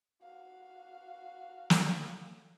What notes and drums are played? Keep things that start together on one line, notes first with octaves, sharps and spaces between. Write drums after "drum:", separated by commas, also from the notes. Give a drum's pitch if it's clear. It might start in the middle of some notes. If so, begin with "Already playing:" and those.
F#4 F5
drum: snare